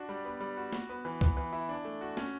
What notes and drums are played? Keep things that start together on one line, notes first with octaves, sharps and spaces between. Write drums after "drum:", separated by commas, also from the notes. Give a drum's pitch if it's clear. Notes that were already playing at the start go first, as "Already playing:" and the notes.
Already playing: D4 F#4
G3
B3
G3
F#4
F#4, drum: snare
B3
E3
B3, drum: kick C2
E3
E4
D4
A3
F#4
C#4, drum: snare